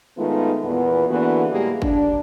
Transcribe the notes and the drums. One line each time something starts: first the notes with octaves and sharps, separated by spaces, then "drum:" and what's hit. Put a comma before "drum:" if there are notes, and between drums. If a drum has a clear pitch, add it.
D#3 G#3 A3 B3 D#4 F4
E2 A#2 B3
D3 E3 A#3 B3 F#4 G#4
A2 G3 G#3 A#3 G4 G#4
D4, drum: kick G1